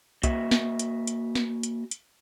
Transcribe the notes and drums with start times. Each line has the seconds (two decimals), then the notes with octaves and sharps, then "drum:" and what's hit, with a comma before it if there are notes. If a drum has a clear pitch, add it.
0.23 A#3 F#4 D#5 E5, drum: kick, hi-hat
0.51 drum: snare
0.79 drum: hi-hat
1.07 drum: hi-hat
1.35 drum: snare
1.63 drum: hi-hat
1.91 drum: hi-hat